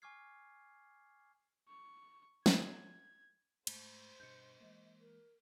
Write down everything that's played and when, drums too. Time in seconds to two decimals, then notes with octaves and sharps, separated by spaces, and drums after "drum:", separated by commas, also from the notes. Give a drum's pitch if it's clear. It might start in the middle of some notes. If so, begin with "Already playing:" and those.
0.02 G#5 C#6 D6 F6 G#6 C7
1.68 C#6
2.46 G#6, drum: snare
3.67 G#2 A3 C5, drum: cymbal
4.20 G2 B2 D#5 G6 C#7
4.60 E3 G#3 A#3
5.00 A#4